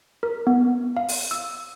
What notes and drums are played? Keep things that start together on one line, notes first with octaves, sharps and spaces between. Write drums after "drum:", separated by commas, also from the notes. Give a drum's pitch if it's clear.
A#4
B3
F5
drum: open hi-hat
E6